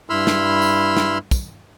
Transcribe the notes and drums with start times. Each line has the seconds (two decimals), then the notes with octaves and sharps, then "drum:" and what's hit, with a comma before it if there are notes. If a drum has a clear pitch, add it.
0.10 G2 E4 B5 C6 E6 F6
0.27 drum: snare
0.62 drum: tambourine
0.97 drum: snare
1.31 drum: kick, tambourine